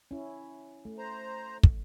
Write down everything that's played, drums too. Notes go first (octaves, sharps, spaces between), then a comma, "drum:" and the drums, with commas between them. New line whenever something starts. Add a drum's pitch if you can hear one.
C#4 E4
A3
C5 A#5
drum: kick